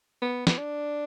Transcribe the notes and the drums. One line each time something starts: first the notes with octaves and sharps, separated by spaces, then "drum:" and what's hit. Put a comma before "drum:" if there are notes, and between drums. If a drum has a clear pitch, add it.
B3
B3, drum: snare
D4